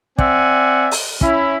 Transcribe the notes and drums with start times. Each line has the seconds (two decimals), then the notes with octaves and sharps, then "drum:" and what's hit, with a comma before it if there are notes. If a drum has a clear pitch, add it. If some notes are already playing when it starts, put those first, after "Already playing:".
0.18 C4 D5 E5 F#5 G#5, drum: kick
0.91 drum: open hi-hat
1.21 C#4 E4, drum: kick